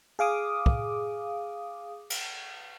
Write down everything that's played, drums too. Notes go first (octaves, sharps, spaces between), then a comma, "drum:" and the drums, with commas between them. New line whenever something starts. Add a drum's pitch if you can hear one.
G#4 F5 D6 D#6
drum: kick
drum: cymbal